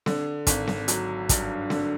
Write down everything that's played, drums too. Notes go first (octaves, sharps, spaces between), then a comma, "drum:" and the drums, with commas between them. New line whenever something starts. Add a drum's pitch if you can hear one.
D3, drum: snare C4
G#1, drum: kick, hi-hat
drum: snare C4
F#3, drum: hi-hat
G2, drum: kick, hi-hat
D3, drum: snare C4